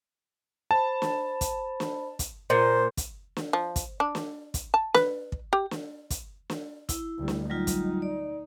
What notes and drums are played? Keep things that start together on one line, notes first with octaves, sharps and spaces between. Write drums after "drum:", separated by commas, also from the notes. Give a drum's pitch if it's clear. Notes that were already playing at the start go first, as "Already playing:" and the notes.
C5 A5 B5
drum: snare
drum: kick, hi-hat
drum: snare
drum: kick, hi-hat
A#2 C5
drum: kick, hi-hat
drum: snare
F3
drum: kick, hi-hat
D4
drum: snare
drum: kick, hi-hat
A5
B4, drum: snare
drum: kick
G4
drum: snare
drum: kick, hi-hat
drum: snare
E4, drum: kick, hi-hat
D2 G3
drum: snare
F#3 G3 D#4 F4
drum: kick, hi-hat
D5